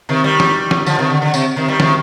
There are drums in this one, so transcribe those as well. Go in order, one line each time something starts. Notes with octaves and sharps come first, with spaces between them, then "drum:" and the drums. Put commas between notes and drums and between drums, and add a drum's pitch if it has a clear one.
C3 D#3
D#3 G3
drum: snare
drum: snare
D3 F3, drum: tambourine
C3 D#3
D3
D3
C3, drum: tambourine
C3 D#3
D#3 G3
C3 D#3, drum: snare